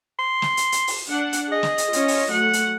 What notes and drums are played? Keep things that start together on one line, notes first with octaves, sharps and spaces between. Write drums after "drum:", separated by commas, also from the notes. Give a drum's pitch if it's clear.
C6
drum: snare
drum: hi-hat
drum: hi-hat
drum: open hi-hat
D4 F#5
drum: hi-hat
G#4 D#5
drum: snare
drum: hi-hat
C#4 F4 C#5, drum: hi-hat
drum: open hi-hat
F#3 A3 F#5
drum: hi-hat